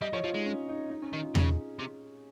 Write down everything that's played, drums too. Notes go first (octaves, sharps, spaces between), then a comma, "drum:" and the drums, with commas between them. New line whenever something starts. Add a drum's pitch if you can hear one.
G3 D#5
F3 C#5
F3 F4
G#3 D#4
C#4
D#4
D#4
C#4
D#3 D#4
F4
C#3 G#4, drum: tom E2
C3